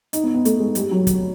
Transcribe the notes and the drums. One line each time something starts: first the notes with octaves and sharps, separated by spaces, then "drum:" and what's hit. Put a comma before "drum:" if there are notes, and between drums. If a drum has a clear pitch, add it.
D#4, drum: hi-hat
B3
B3
A3, drum: hi-hat
G#3
G3, drum: hi-hat
F#3
drum: kick, hi-hat